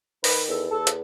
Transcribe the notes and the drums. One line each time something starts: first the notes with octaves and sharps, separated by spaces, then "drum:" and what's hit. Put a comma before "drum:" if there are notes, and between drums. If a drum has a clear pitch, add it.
D#3 B4, drum: open hi-hat
E2 A4
E2 A4
drum: hi-hat